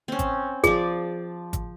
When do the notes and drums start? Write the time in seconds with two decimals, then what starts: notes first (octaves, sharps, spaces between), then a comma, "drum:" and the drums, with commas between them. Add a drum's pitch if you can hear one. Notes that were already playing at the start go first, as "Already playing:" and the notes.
0.08 C4 C#4
0.19 drum: kick G#1, hi-hat
0.64 F3 G#4 D5, drum: kick G#1, hi-hat
1.53 drum: kick G#1, hi-hat